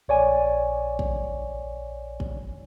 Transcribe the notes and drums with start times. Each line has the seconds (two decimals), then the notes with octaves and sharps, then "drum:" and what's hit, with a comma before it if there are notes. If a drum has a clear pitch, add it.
0.08 A#1 C#5 D5 G#5
0.99 drum: kick
2.20 drum: kick